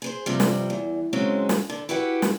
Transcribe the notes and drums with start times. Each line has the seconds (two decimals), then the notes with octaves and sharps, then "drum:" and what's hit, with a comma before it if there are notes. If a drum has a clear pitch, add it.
0.02 G#4 B4 C5
0.26 G2 C3 F3 G3
0.40 drum: snare
0.70 E2
1.13 C#3 F#3 G#3 C4 C#4
1.49 drum: snare
1.70 D3
1.89 E4 F#4 G4 B4 F#5
2.22 drum: snare